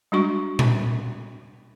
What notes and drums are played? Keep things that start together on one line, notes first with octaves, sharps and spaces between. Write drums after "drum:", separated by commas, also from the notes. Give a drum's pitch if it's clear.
G3 G#3 D4 F#4 C#6
drum: tom A#2